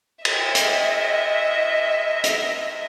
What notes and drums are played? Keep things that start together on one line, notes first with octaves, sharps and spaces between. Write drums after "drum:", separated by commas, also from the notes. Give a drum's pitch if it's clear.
D#5 E5, drum: cymbal
drum: hi-hat
drum: hi-hat